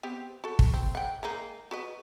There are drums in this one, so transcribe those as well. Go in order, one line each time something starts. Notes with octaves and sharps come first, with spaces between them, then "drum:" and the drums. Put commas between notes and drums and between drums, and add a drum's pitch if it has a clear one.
B3 C4 G4
F#4 A4
drum: kick
C4
F#5 G5
G#3 A#3 D#4
F#4 B4 D#5